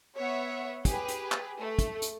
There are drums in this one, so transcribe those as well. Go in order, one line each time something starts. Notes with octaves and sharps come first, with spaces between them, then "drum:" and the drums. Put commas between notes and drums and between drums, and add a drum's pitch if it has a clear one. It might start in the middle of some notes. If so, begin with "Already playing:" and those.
B3 C#5 E5 F#5
G4 G#4 B4, drum: kick, hi-hat
drum: hi-hat
drum: clap
A3
drum: kick, hi-hat
drum: hi-hat